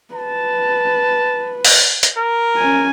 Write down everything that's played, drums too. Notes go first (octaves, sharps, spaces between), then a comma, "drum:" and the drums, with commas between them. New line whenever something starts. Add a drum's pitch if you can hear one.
B4 A5
drum: open hi-hat
drum: hi-hat
A#4
C#4 G#5